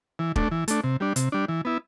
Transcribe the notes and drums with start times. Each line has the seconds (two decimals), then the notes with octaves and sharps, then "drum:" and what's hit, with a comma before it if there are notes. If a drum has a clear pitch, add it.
0.19 E3
0.36 A3 D4, drum: kick
0.51 E3
0.68 A3 D4, drum: hi-hat
0.84 C3
1.00 G3 D4
1.16 C3, drum: hi-hat
1.32 G3 D4
1.48 E3
1.65 B3 E4